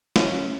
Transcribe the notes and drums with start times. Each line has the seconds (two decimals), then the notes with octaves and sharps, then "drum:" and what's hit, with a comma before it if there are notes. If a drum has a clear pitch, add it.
0.16 C#4, drum: snare